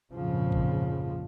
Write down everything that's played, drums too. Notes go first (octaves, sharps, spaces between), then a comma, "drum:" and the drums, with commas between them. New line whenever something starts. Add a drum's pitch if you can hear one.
A#1 F2 G#2 C#3 F3
drum: kick